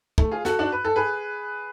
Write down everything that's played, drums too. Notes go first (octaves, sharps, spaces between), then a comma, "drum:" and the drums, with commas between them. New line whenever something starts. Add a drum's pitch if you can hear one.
A3, drum: kick
F4 G#4
F#4 A4, drum: snare
D4 F#4
B4
A4
G#4 B4